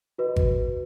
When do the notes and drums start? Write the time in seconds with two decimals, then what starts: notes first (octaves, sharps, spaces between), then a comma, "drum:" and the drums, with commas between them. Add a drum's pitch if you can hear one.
0.18 F#4 B4 D#5
0.36 drum: kick G#1